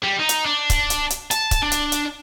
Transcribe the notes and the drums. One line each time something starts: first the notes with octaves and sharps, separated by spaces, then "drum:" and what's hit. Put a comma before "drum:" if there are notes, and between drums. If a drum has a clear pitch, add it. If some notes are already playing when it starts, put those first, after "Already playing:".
G3
D#4
drum: hi-hat
D4
drum: kick C#1, hi-hat
drum: hi-hat
drum: hi-hat
A5, drum: hi-hat
drum: kick C#1, hi-hat
D4
drum: hi-hat
drum: hi-hat